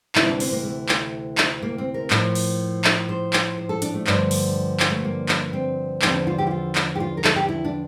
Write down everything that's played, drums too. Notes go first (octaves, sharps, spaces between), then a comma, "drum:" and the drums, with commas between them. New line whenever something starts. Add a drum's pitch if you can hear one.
D2 C3 E3 G3 E4, drum: clap
D4
C4, drum: open hi-hat
A#3
A3
drum: clap
drum: clap
A#3
C4
A#4
A2 F3, drum: clap
drum: open hi-hat
drum: clap
C5
drum: clap
C5
A4
D4, drum: hi-hat
A3
G2 D3 F3, drum: clap
drum: open hi-hat
drum: clap
A3
A#3
drum: clap
C4
E2 D3 F3 C4, drum: clap
D4
F4
G4
E4
F4
drum: clap
G4
F4
A#4
A4, drum: clap
G4
E4
D4